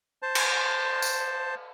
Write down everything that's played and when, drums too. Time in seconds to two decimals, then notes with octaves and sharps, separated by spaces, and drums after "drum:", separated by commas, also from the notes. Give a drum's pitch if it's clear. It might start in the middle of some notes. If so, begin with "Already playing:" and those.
0.22 C5 A5
0.35 drum: cymbal
1.02 drum: tambourine